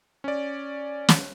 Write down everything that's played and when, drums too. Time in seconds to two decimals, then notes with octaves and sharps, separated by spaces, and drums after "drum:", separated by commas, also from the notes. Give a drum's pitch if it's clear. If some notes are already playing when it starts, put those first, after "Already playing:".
0.24 C#4 D5
1.09 drum: snare